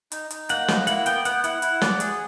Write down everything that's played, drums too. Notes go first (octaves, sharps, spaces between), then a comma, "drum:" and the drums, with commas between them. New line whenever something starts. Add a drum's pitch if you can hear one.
D#4, drum: hi-hat
D#4, drum: hi-hat
A#3 F#5, drum: hi-hat
A#3, drum: snare
E4 F#5, drum: hi-hat
B3 G5, drum: hi-hat
B3 F#5, drum: hi-hat
E4 F#5, drum: hi-hat
E4, drum: hi-hat
D5, drum: snare
G#4, drum: hi-hat